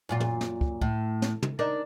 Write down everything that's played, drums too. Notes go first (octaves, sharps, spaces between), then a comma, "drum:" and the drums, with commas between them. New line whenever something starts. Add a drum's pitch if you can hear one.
F#2 A#2 F4
drum: tom
drum: snare
drum: kick
A2, drum: kick
drum: snare
drum: tom
D4 D#4 A#4